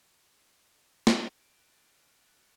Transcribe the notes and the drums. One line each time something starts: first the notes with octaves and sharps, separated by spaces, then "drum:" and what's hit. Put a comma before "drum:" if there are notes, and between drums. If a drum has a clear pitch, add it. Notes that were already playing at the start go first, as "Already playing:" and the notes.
drum: snare
D7
F#6
A6
F6
D7
B6
F#6
C#7